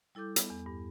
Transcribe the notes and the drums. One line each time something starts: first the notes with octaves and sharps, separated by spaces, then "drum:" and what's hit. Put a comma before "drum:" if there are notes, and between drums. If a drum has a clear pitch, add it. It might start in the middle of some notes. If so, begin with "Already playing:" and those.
G3 E4 A4 D6 G6
B3, drum: hi-hat
E2
G2